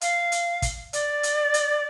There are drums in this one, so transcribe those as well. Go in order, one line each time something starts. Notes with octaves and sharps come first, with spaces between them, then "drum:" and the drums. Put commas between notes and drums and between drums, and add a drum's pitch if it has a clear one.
F5, drum: hi-hat
drum: hi-hat
drum: kick, hi-hat
D5, drum: hi-hat
drum: hi-hat
drum: hi-hat